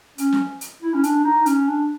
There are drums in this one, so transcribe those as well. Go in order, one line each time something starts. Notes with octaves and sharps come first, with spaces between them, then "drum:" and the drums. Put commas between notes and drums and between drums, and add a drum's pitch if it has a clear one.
C#4, drum: hi-hat
drum: snare
drum: hi-hat
E4
C#4
D4, drum: hi-hat
D#4
C#4, drum: hi-hat
D4